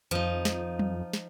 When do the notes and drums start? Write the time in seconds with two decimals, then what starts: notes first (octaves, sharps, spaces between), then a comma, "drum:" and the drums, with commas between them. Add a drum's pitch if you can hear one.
0.11 F2 F3 D#4, drum: hi-hat
0.45 drum: snare
0.79 drum: tom F#3
1.13 drum: snare